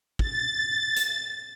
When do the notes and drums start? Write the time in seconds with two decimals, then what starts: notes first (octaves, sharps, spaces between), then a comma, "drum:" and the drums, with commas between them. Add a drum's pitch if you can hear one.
0.19 A6, drum: kick
0.96 drum: hi-hat